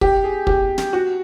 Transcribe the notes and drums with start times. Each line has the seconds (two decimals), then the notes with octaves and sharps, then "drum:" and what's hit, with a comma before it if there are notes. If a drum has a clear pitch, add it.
0.01 G4, drum: kick
0.24 G#4
0.47 G4, drum: kick
0.78 drum: snare
0.93 F#4